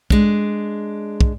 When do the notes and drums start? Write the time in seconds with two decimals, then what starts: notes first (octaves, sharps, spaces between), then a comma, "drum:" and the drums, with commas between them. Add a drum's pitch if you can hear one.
0.10 G#3 D4, drum: kick
1.21 drum: kick